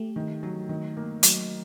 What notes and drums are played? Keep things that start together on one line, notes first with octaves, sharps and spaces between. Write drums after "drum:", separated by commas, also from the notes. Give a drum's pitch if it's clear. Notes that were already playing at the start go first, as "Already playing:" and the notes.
Already playing: A3 G4
D#3
F#3
D#3
A#3
F#3 D#4, drum: hi-hat